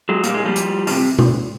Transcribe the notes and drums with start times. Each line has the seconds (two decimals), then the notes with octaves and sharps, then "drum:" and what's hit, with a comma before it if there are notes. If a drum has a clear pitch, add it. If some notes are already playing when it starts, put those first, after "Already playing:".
0.09 F#3 G#3
0.24 A#2 G3, drum: hi-hat
0.34 G#3
0.45 F3 G3
0.56 drum: hi-hat
0.87 C3 D#3 F3 G3, drum: open hi-hat
1.19 drum: tom B2